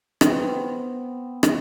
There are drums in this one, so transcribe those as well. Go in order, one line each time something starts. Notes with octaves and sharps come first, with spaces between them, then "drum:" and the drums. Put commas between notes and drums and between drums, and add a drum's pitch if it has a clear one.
B3 C4, drum: rim click
drum: rim click